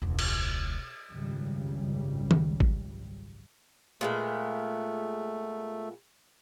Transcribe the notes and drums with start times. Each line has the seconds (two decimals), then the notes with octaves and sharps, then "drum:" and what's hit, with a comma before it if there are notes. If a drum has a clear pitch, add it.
0.02 E1 C#2
0.19 drum: cymbal
1.12 G#1 C#2 F#2 C#3 G3
2.31 drum: tom D#3
2.60 drum: kick G#1
4.01 A#2 G#3 A3 B3